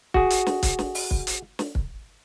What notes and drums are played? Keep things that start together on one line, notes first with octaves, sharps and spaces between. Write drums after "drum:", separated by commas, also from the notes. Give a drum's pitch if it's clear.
F#4 G#4, drum: kick
drum: hi-hat
drum: snare
drum: kick, hi-hat
drum: snare
drum: open hi-hat
drum: kick
drum: hi-hat
drum: snare
drum: kick